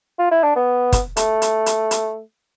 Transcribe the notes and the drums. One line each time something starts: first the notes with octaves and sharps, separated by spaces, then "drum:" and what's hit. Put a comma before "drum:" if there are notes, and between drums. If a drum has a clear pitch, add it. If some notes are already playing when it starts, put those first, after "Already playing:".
F4
E4
D4
B3
drum: kick, hi-hat
A3, drum: hi-hat
drum: hi-hat
drum: hi-hat
drum: hi-hat